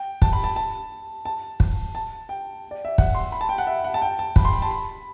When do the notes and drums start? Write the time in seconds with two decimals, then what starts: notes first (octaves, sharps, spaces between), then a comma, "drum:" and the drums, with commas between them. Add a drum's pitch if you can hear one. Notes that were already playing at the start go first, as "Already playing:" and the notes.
Already playing: G5
0.22 A5, drum: kick
0.33 B5
0.44 A5
0.56 A5
1.25 A5
1.60 drum: kick
1.95 A5
2.29 G5
2.71 D5
2.85 E5
2.98 F#5, drum: kick
3.15 C6
3.32 B5
3.41 A5
3.49 G5
3.58 F#5
3.67 E5
3.84 F#5
3.94 A5
4.02 G5
4.19 A5
4.36 B5, drum: kick
4.45 C6
4.53 B5
4.62 A5
4.71 B5